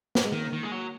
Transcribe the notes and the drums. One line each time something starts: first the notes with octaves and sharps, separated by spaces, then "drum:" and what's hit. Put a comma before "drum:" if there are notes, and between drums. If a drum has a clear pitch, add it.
drum: snare
G#3
D#3 A#3
D#3
G#3
F#3